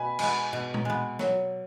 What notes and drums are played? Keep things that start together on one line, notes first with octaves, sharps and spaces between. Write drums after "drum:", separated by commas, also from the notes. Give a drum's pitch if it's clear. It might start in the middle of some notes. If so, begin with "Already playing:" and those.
Already playing: B2 G#5 B5
G#3 B3, drum: cymbal
B2
drum: tom A#2
G#3 B3
F#3, drum: snare